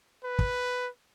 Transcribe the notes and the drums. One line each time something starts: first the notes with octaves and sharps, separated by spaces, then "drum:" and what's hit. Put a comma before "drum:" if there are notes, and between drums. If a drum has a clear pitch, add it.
B4
drum: kick